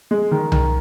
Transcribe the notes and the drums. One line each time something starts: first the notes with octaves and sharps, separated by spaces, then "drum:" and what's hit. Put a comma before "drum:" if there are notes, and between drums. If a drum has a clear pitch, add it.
G#3
D#3
D#3, drum: tom C2